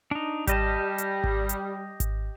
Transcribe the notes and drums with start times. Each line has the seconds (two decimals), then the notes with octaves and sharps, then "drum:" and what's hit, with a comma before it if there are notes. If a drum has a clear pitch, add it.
0.11 D4 D#4
0.47 G3 G4 D#5 A5, drum: kick G#1, hi-hat
0.98 drum: hi-hat
1.24 drum: kick G#1
1.49 drum: hi-hat
2.00 drum: kick G#1, hi-hat